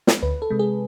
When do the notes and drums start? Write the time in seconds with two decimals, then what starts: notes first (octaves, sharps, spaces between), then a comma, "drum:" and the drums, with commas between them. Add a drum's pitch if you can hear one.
0.07 drum: snare
0.22 D2 B4
0.42 A4
0.50 C3 G#3
0.59 G#4